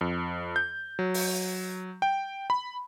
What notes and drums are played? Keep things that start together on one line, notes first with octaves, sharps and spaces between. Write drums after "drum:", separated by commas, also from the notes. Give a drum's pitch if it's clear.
F2
G6
F#3
drum: open hi-hat
G5
B5